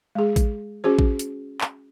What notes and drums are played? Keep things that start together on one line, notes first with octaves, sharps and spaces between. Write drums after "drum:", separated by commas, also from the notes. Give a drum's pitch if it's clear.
G#3 G#4
drum: kick A1, hi-hat
C#4 F#4 G#4 C5
drum: kick A1
drum: hi-hat
drum: clap